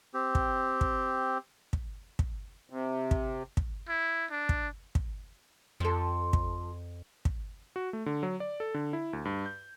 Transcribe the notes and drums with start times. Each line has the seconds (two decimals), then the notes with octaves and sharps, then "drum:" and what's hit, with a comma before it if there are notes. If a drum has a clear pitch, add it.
0.14 C4 G4
0.35 drum: kick
0.81 drum: kick
1.73 drum: kick
2.19 drum: kick
2.70 C3
3.11 drum: kick
3.57 drum: kick
3.89 E4
4.31 D4
4.49 drum: kick
4.95 drum: kick
5.80 F2 F3 A4
6.33 drum: kick
7.25 drum: kick
7.76 F#4
7.93 A3
8.06 D3
8.23 F#3
8.40 D5
8.60 A4
8.74 D3
8.93 E4
9.13 D2
9.25 G2
9.46 G6